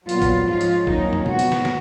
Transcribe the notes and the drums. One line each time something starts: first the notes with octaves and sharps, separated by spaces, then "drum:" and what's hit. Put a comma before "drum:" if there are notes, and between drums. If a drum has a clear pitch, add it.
A#2 F#3 B3 F4, drum: hi-hat
drum: kick, hi-hat
G#2 F3 G#3 C#4 F4
drum: hi-hat
F2 D#3 F#3 A#3 C#4 D#4, drum: kick
drum: tom
G#2 F3 B3 F#4, drum: tom B2
drum: hi-hat
drum: snare
drum: snare